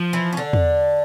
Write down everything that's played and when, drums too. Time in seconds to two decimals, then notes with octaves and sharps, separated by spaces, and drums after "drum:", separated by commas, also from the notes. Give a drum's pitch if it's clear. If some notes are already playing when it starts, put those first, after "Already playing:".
Already playing: F3
0.13 E3 E4
0.33 C#4
0.37 D3 D4
0.53 drum: tom E2